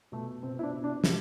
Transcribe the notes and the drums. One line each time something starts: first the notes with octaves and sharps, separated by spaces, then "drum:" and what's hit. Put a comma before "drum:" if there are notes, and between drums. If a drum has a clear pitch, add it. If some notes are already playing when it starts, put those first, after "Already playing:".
B2 A3
B2 C4
E4
D4
B2
D4
E3 G4, drum: snare